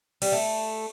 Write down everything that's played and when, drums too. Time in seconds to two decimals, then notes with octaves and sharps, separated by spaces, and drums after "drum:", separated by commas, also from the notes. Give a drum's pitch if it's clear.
0.22 G3, drum: cymbal
0.32 A3